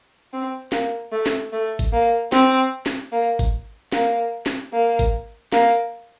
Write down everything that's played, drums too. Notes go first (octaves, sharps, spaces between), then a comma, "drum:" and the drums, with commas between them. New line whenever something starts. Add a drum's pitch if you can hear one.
C4
A#3, drum: snare
A3
drum: snare
A3
drum: kick, hi-hat
A#3
C4, drum: snare
drum: snare
A#3
drum: kick, hi-hat
A#3, drum: snare
drum: snare
A#3
drum: kick, hi-hat
A#3, drum: snare